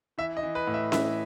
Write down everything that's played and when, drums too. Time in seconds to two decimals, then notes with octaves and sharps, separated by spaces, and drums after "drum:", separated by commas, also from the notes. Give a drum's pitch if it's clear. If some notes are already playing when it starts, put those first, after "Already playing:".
0.18 E3 E5
0.37 D#5
0.43 E3
0.55 B4
0.67 A2
0.74 E5
0.92 E3 E5, drum: snare C#4